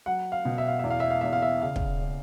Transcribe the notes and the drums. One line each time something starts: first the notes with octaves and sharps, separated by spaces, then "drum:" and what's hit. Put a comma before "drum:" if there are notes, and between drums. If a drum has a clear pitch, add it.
F#3 F#5
F5
B2
E5
F5
E2 E5
F5
E5
F5
E2 E5
F5
E5
C#3 F5
drum: kick
C#3